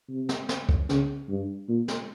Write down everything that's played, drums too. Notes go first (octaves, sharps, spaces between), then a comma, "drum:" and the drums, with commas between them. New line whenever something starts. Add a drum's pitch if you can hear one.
C3
drum: snare
drum: snare
drum: kick C#2
C#3, drum: snare
G2
A#2
drum: snare